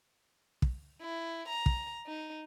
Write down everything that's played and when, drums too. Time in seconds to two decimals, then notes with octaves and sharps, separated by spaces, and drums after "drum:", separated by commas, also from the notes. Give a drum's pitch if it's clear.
0.62 drum: kick
1.01 E4
1.49 A#5
1.66 drum: kick
2.07 D#4